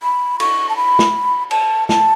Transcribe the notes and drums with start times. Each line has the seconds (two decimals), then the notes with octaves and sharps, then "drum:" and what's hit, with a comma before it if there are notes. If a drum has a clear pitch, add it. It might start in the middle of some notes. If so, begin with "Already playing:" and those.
0.03 B5
0.40 C#6, drum: cymbal
0.69 A5
0.77 B5
0.99 drum: snare
1.51 A5, drum: cymbal
1.89 A5, drum: snare